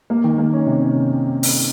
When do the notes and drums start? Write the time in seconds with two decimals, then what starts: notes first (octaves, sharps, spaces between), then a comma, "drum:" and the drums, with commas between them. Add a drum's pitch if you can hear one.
0.10 A#3
0.24 D#3
0.38 A#3
0.53 C#4
0.67 C3
0.82 C#4
1.43 drum: open hi-hat